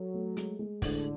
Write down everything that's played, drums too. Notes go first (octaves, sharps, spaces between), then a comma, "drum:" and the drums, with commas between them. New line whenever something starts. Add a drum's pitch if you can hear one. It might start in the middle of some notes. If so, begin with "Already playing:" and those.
Already playing: F#3 A4
A3
G#3, drum: hi-hat
G#3
A2 D3, drum: kick, open hi-hat